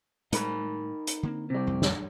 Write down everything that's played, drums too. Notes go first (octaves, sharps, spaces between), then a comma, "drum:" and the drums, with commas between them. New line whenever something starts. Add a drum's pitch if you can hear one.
A2 G3 G#3 D#4 A#4 B5, drum: hi-hat
drum: hi-hat
D3 A#3 C4
C3 G3
A1 F2
drum: snare